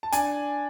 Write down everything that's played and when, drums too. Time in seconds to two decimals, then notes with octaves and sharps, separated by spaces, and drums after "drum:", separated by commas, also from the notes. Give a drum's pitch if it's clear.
0.03 A5
0.12 D4 G#5, drum: hi-hat